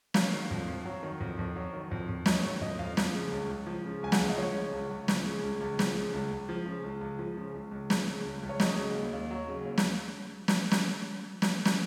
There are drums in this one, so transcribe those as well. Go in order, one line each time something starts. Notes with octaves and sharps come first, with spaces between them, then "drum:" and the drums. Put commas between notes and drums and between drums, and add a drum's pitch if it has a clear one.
F#3 F5, drum: snare
D#3
F2
F2
F#3
D#3
F2
F2
F#3
D#3
F2
F2
F#3 D#5, drum: snare
D#3 C#5
F2 D#5
F2 F5
F3, drum: snare
C#3
C#2
C#2
F3
C#3
C#2 G#5
F#5, drum: snare
C#2 F5
D#5
F3 C#5
C#3
C#2
C#2
F3, drum: snare
C#3
C#2
C#2
F3, drum: snare
C#3
C#2
C#2
F3
C#3
C#2
C#2
F3
C#3
C#2
C#2
F3, drum: snare
C#3
C#2
C#2
C#5
F#3 D#5, drum: snare
C#3
D#2
D#2
F#3
C#3
D#2
drum: snare
drum: snare
drum: snare
drum: snare
drum: snare